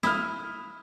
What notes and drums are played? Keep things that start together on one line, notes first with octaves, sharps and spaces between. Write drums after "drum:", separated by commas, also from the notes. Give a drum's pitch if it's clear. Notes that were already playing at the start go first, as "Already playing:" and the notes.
E4 D#6 F6, drum: snare